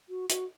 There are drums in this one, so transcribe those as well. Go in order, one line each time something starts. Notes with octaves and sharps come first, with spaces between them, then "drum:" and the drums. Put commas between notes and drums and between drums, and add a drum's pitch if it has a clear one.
F#4
F#4, drum: hi-hat